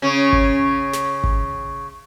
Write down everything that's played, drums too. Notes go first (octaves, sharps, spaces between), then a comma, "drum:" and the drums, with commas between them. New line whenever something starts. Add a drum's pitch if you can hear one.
C#3 C#4
drum: kick G#1
drum: snare
drum: kick G#1